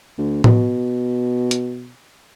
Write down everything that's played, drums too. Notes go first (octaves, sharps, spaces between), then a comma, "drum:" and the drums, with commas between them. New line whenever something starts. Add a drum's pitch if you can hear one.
D2
B2, drum: tom A2
drum: hi-hat